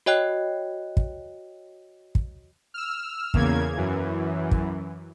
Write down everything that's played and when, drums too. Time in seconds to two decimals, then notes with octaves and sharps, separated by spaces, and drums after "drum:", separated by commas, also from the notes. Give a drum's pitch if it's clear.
0.06 F#4 C#5 D#5 G5 F#6
0.97 drum: kick
2.15 drum: kick
2.74 E6 F6
3.34 E2 C#3 A#3 G#6, drum: kick
3.77 F#2 E3
4.51 drum: kick